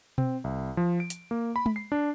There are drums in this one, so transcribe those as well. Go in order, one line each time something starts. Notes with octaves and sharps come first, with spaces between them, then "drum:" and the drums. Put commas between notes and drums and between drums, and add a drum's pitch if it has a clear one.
C4, drum: tom B2
C2
F3
D7
drum: hi-hat
A#3
B5
drum: tom G#3
C7
D4